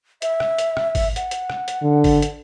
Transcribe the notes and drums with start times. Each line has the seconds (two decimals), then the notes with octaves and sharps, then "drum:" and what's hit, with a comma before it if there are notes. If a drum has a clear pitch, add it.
0.22 E5, drum: hi-hat
0.40 drum: rim click
0.58 drum: hi-hat
0.77 drum: rim click
0.95 drum: kick G#1, open hi-hat
1.16 F#5, drum: hi-hat
1.31 drum: hi-hat
1.50 drum: rim click
1.68 drum: hi-hat
1.83 D3
2.04 drum: kick G#1, open hi-hat
2.22 drum: hi-hat